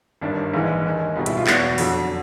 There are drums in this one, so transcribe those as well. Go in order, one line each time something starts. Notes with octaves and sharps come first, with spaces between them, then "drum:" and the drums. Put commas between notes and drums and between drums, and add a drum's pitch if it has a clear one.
G1 G2 D#3 D4
A#1 G#2 E3 G#3
D#2 D#3 G#3
C#2 B2 G3 D#4
E4, drum: hi-hat
F4
E2 B2 F#3 F#4, drum: clap
F2 D3 F#3, drum: open hi-hat